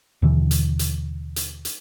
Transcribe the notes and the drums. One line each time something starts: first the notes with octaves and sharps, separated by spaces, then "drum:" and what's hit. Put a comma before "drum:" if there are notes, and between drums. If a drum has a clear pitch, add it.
D#2 B2 D3 E3
drum: hi-hat
drum: hi-hat
drum: hi-hat
drum: hi-hat